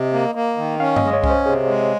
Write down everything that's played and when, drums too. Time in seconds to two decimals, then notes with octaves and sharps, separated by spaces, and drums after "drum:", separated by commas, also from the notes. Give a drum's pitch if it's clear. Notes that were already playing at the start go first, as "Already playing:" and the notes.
Already playing: C3 D#5
0.13 A#3
0.35 A#3
0.57 D#3
0.80 C#4 F5
0.96 D#5, drum: tom
1.02 G#3
1.08 D#5
1.13 C#5
1.24 C#4, drum: kick C2
1.30 C5
1.46 C3 G#4
1.68 G#3